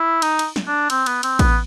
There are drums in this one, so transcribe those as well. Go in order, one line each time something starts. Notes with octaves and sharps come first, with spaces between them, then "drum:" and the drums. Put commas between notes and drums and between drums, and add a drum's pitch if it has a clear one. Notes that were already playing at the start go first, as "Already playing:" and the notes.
Already playing: E4
D#4, drum: cymbal
drum: cymbal
drum: snare
D4
C4, drum: cymbal
B3, drum: cymbal
C4, drum: cymbal
B3, drum: kick A1, cymbal